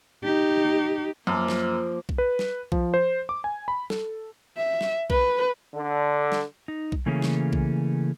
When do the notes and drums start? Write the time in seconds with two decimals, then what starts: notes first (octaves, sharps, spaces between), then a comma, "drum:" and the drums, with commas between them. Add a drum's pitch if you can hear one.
0.24 D#4 G4
1.27 F#2 F3 A#3 D6
1.48 drum: snare
2.09 drum: kick B1
2.18 B4
2.39 drum: snare
2.72 F3, drum: kick B1
2.94 C5
3.29 D6
3.44 G#5
3.68 B5
3.90 A4, drum: snare
4.57 E5
4.81 drum: snare
5.10 B4, drum: kick B1
5.74 D3
6.32 drum: snare
6.68 D#4
6.92 drum: kick B1
7.06 C#3 E3 A3 A#3 C#4 G#4
7.22 drum: snare
7.53 drum: kick B1